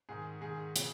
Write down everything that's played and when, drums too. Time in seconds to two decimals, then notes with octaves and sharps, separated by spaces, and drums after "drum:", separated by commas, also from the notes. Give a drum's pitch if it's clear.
0.09 G#2 D#3 G#4
0.41 G#2 D#3 G#4
0.76 C#3, drum: hi-hat